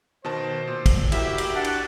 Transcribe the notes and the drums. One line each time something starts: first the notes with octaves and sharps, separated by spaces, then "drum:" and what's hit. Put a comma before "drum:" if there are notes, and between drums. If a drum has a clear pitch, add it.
B2 D#3 C5 A5
A#2
drum: kick, cymbal
E4 F#4 G4 A#4 E5, drum: cymbal
drum: cymbal
D4 F#5
drum: cymbal